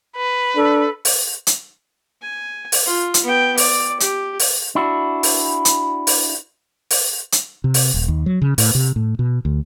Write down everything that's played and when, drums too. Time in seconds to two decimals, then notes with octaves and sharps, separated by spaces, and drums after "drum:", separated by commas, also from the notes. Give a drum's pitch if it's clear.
0.16 B4
0.56 D4 A4
1.05 drum: open hi-hat
1.47 drum: hi-hat
2.22 G#5
2.72 drum: open hi-hat
2.86 F4
3.14 drum: hi-hat
3.24 B3 G5
3.57 D5, drum: open hi-hat
4.00 G4, drum: hi-hat
4.39 drum: open hi-hat
4.75 D4 E4 F#4
5.23 drum: open hi-hat
5.65 drum: hi-hat
6.07 drum: open hi-hat
6.90 drum: open hi-hat
7.32 drum: hi-hat
7.64 C3
7.74 drum: open hi-hat
7.94 D#1
8.08 D#2
8.26 F#3
8.42 C#3
8.58 A2, drum: open hi-hat
8.75 C3
8.96 A2
9.19 B2
9.45 D2